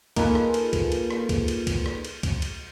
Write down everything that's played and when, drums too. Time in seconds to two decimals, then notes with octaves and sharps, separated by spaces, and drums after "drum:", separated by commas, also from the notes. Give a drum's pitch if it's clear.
0.16 A#3 D#4 F4 G#4 A4 B4, drum: kick, cymbal
0.35 drum: rim click
0.54 drum: cymbal
0.73 drum: kick, cymbal
0.92 drum: cymbal
1.11 drum: rim click
1.29 drum: kick, cymbal
1.48 drum: cymbal
1.67 drum: kick, cymbal
1.86 drum: rim click
2.05 drum: cymbal
2.23 drum: kick, cymbal
2.42 drum: cymbal